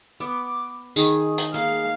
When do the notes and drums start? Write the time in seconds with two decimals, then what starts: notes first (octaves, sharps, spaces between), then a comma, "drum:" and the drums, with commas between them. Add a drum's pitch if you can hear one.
0.20 B3 D6
0.96 D#3 G#4, drum: tambourine
1.38 drum: hi-hat
1.54 A#3 F5